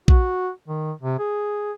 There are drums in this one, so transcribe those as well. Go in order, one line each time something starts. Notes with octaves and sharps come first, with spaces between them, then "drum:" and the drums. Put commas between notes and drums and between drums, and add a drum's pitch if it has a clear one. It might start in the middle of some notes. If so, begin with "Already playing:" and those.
F#4, drum: kick A#1
D#3
C3
G#4